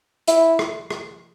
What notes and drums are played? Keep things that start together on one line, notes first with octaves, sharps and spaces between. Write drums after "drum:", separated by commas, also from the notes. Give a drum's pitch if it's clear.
E4, drum: hi-hat
drum: rim click
drum: rim click